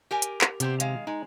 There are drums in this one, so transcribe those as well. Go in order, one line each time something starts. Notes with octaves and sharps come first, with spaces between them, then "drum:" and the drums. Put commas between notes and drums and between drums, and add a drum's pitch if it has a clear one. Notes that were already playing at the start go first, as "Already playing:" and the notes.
G4 A#4 G#5
drum: hi-hat
drum: clap
C3 B3 G4 C5, drum: hi-hat
D#3 G#3 F5, drum: hi-hat
G#3 D#4